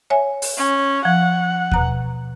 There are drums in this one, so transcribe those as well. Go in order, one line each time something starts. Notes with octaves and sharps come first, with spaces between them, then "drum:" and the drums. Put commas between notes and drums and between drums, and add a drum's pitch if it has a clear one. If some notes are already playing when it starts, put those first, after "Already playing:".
C#5 E5 G#5
drum: open hi-hat
C#4
F3 F#5
B2 A#5 F#6, drum: kick D#2